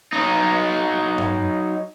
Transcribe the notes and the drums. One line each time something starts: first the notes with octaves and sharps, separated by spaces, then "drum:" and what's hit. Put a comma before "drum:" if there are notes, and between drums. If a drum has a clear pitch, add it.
F#3 D#4
drum: tom G2